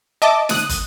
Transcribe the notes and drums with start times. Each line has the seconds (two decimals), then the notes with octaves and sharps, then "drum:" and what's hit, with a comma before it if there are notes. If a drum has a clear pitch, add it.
0.22 D#5 E5 A5 D6
0.49 D#6 F#6 D#7, drum: snare
0.69 drum: kick, hi-hat